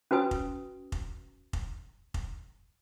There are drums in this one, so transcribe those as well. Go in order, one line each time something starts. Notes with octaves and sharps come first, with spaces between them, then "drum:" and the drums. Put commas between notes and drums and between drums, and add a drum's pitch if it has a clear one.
C#4 F#4 B4 G#5 D#6
drum: kick F1
drum: kick F1
drum: kick F1
drum: kick F1